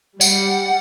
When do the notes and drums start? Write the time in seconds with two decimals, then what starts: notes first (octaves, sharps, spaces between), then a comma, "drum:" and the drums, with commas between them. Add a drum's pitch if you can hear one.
0.21 G3 F#5, drum: tambourine